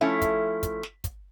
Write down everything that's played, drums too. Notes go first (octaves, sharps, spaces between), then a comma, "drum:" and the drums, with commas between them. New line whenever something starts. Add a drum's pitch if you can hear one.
F3 A3 C#4 E4
drum: kick, hi-hat
drum: kick, hi-hat
drum: snare
drum: kick, hi-hat